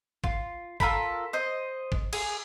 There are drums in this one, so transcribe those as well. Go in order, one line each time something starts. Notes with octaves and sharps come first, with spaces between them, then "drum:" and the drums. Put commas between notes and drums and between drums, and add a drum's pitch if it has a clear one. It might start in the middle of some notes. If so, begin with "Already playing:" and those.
F4, drum: kick
F4 A4 A#4 B5, drum: kick
C5 D#5
drum: kick
G#4, drum: cymbal